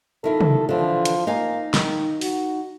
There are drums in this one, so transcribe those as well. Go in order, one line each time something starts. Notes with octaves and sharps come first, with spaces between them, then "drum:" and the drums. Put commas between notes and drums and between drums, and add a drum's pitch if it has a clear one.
D#3 E4 F4 A4
drum: tom
D3 E3 F3
drum: hi-hat
A#3 D#4 F5 G#5
D#3, drum: snare
F#4, drum: open hi-hat